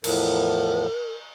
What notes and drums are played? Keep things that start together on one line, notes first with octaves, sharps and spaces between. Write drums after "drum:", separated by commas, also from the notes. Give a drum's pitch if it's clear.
E2 A2 F3 A#4, drum: cymbal